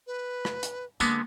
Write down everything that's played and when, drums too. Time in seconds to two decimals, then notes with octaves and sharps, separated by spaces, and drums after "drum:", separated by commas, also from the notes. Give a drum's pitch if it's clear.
0.07 B4
0.45 drum: rim click
0.63 drum: hi-hat
1.00 D3 G#3 A#3 B3 D6, drum: tambourine